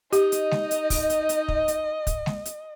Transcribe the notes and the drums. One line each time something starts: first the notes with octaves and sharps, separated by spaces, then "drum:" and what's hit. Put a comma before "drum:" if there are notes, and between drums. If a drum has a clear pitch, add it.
D#4 G4 D#5, drum: hi-hat
drum: hi-hat
drum: snare G#3
drum: hi-hat
drum: kick, open hi-hat
drum: hi-hat
drum: hi-hat
drum: kick
drum: hi-hat
drum: kick, hi-hat
drum: snare G#3
drum: hi-hat